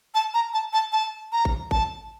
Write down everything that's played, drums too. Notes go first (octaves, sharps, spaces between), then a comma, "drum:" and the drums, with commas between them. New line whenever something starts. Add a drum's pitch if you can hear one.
A5
A#5
A5
A5
A5
A#5
drum: kick G#1
A5, drum: kick G#1